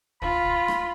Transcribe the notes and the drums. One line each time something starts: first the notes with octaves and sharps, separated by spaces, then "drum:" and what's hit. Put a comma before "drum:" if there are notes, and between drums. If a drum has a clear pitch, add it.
F4 B5, drum: kick
drum: kick
drum: rim click